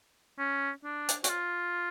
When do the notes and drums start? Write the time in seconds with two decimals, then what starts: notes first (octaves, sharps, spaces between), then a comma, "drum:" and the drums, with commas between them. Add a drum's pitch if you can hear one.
0.39 C#4
0.84 D4
1.09 drum: hi-hat
1.24 F#4, drum: hi-hat
1.29 F4